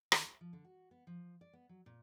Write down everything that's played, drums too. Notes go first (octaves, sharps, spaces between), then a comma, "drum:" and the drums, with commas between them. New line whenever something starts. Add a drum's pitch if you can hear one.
D#3, drum: rim click
E5
F3
D3
F#4
B3
F3
D5
B3
F#3
A#2